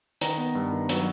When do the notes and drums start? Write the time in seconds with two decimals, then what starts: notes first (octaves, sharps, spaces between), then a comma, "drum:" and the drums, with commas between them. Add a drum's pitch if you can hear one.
0.21 D#3 A#5, drum: hi-hat
0.38 B3
0.55 G2
0.72 D#3
0.89 F#3, drum: hi-hat